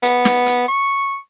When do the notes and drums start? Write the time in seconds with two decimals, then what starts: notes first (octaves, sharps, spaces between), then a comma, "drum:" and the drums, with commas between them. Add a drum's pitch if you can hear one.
0.03 B3, drum: hi-hat
0.25 drum: snare
0.46 drum: hi-hat
0.68 C#6